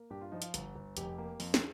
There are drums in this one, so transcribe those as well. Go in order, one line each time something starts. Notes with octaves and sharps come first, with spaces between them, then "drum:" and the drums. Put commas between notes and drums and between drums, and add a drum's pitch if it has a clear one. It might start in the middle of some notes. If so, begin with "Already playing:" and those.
Already playing: A#3
G2 G4
F4
F3 D#4
F4, drum: hi-hat
G1, drum: hi-hat
G1
F1 G4, drum: hi-hat
A#3
F2, drum: open hi-hat
drum: snare